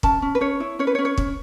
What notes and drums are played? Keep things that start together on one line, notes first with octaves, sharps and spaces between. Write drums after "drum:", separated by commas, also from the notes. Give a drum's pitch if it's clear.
C#4 A5, drum: kick
C#4
B4
C#4 C#5
E4
C#4 C#5
B4
C#5
C#4
C#5
C#4, drum: kick